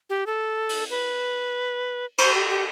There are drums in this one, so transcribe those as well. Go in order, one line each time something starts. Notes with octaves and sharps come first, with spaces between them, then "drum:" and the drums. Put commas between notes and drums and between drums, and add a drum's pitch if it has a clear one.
G4
A4
drum: open hi-hat
B4
C5, drum: cymbal
G4
G4